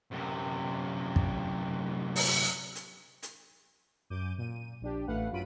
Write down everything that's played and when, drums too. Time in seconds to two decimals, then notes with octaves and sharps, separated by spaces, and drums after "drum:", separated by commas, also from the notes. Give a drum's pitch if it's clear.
0.11 F#2 C3
1.16 drum: kick
2.16 drum: open hi-hat
2.75 drum: hi-hat
3.23 drum: hi-hat
4.10 F#2 D6 G6 D#7
4.38 A#2 D#7
4.81 A#1 D4 G4
5.07 A1 A3 B4 F5 F#5
5.31 F#2 F#3 F4 B5 D7 D#7